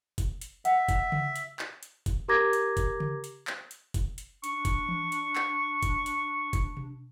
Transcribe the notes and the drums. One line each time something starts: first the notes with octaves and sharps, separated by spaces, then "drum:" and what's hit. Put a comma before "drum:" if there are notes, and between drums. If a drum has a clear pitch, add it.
drum: kick F1, hi-hat
drum: hi-hat
E5 F#5, drum: hi-hat
drum: kick F1, hi-hat
drum: tom C#3
drum: hi-hat
drum: clap
drum: hi-hat
drum: kick F1, hi-hat
G4 A#4 A#5 D6 G#6 A#6
drum: hi-hat
drum: kick F1, hi-hat
drum: tom C#3
drum: hi-hat
drum: clap
drum: hi-hat
drum: kick F1, hi-hat
drum: hi-hat
D4 C#6, drum: hi-hat
drum: kick F1, hi-hat
drum: tom E3
drum: hi-hat
drum: clap
drum: kick F1, hi-hat
drum: hi-hat
drum: kick F1, hi-hat
drum: tom B2